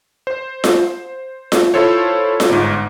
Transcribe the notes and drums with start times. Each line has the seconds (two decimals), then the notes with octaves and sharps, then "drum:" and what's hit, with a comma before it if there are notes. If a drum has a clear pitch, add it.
0.27 C5
0.64 drum: snare F4
1.52 drum: snare F4
1.74 E4 F4 A4 C5 C#5
2.40 drum: snare F4
2.49 G1 G#2